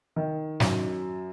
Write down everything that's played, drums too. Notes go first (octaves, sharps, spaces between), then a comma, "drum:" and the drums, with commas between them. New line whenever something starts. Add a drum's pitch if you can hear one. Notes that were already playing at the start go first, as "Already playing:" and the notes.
D#3
F#2, drum: snare